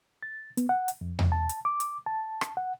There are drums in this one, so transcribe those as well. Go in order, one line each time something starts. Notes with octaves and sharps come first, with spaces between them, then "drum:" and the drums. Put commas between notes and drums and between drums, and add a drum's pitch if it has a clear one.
A6
B3, drum: hi-hat
F#5
drum: hi-hat
F2
drum: tom E2
A5
drum: hi-hat
D6
drum: hi-hat
A5
drum: rim click
F#5